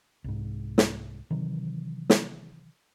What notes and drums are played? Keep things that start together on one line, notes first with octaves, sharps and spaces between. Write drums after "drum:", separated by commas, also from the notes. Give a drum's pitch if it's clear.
C2 G#2
drum: snare
C3 D#3 E3 F#3
drum: snare